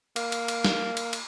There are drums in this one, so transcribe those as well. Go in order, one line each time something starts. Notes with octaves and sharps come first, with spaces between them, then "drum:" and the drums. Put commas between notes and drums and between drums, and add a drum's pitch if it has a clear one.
A#3, drum: cymbal
drum: cymbal
drum: cymbal
drum: snare
drum: cymbal
drum: cymbal